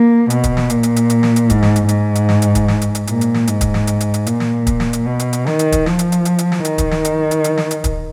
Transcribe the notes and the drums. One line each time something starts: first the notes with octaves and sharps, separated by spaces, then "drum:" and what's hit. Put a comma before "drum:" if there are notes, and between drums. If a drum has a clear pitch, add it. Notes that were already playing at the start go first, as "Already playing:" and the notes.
Already playing: A#3
B2, drum: hi-hat
drum: kick, hi-hat
drum: snare
A#2, drum: hi-hat
drum: hi-hat
drum: hi-hat
drum: hi-hat
drum: snare
drum: hi-hat
G#2, drum: kick, hi-hat
drum: snare
drum: hi-hat
G#2, drum: hi-hat
drum: hi-hat
drum: snare
drum: hi-hat
drum: kick, hi-hat
drum: snare
drum: hi-hat
drum: hi-hat
A#2, drum: hi-hat
drum: hi-hat
drum: snare
G#2, drum: hi-hat
drum: kick, hi-hat
drum: snare
drum: hi-hat
drum: hi-hat
drum: hi-hat
A#2, drum: hi-hat
drum: snare
drum: kick, hi-hat
drum: snare
drum: hi-hat
B2
drum: hi-hat
drum: hi-hat
D#3, drum: snare
drum: hi-hat
drum: kick, hi-hat
F3, drum: snare
drum: hi-hat
drum: hi-hat
drum: hi-hat
drum: hi-hat
drum: snare
D#3, drum: hi-hat
drum: kick, hi-hat
drum: snare
drum: hi-hat
drum: hi-hat
drum: hi-hat
drum: snare
drum: hi-hat
drum: kick, hi-hat